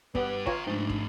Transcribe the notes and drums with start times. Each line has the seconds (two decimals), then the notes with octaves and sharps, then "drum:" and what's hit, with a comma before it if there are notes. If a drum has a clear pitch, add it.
0.15 G2 B3 G4 B4, drum: kick
0.46 F4 C#5 G5 A#5, drum: kick
0.67 G#2 F3 A3 D4
0.90 drum: kick